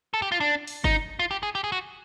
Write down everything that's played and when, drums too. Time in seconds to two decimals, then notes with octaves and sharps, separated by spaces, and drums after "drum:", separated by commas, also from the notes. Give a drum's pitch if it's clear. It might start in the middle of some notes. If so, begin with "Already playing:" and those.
0.14 A4
0.22 G4
0.32 F4
0.40 D4
0.67 drum: open hi-hat
0.84 D#4, drum: kick F#1
1.19 F4
1.31 G4
1.43 G#4
1.55 G4
1.64 G#4
1.72 F#4